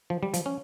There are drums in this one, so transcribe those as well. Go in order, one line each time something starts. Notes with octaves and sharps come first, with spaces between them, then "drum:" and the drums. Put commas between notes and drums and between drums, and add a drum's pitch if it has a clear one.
F3
G3
F3, drum: hi-hat
C#4